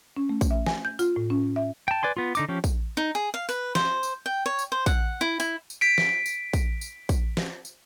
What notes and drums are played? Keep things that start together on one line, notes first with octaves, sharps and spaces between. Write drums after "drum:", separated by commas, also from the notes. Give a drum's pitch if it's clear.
C#4
A3
drum: kick, tambourine
E5
G#5, drum: snare
G6
F4, drum: tambourine
A2
C#4
E5
G5 A5
B4 D5 G#5 C6
B3 F4
D3 D#4 D6, drum: tambourine
F3 C#4 G4
drum: kick, tambourine
D#4
G#4
F5
B4, drum: tambourine
C5, drum: snare
drum: tambourine
G5
C#5
drum: tambourine
C5
F#5, drum: kick, tambourine
E4
E4, drum: tambourine
drum: tambourine
B6 D7
drum: snare
drum: tambourine
drum: kick, tambourine
drum: tambourine
drum: kick, tambourine
drum: snare
drum: tambourine